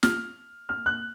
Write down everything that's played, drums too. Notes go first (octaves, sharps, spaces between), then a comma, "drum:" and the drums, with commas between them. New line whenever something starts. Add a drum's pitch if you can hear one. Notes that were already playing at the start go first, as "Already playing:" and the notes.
F6, drum: snare
F6
F#6